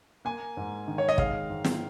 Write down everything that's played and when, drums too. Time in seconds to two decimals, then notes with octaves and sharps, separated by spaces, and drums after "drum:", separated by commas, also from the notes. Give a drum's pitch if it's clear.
0.25 A#3 G#5
0.57 G#2
0.88 D#3
0.98 C#5
1.09 D#5
1.18 G#3 F5, drum: kick
1.50 G#2
1.64 drum: snare